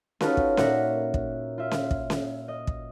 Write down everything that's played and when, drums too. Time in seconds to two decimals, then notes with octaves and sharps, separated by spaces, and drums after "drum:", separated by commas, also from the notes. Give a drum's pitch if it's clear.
0.21 C#4 D#4 F4 F#4 A4 B4, drum: snare C#4
0.37 drum: kick
0.57 A#2 A#4 E5 F#5 A#6 C#7, drum: snare C#4
1.14 drum: kick
1.58 F4 E5
1.71 drum: snare C#4
1.91 drum: kick
2.10 drum: snare C#4
2.48 D#5
2.67 drum: kick